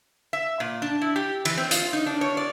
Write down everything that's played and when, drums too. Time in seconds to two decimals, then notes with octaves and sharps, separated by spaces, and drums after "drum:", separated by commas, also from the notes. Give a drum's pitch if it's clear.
0.33 E5
0.60 A#2
0.82 D4
1.01 E4
1.16 G4
1.45 E3, drum: cymbal
1.58 C4
1.71 F4, drum: hi-hat
1.93 D#4
2.06 D4
2.21 C#5
2.37 D5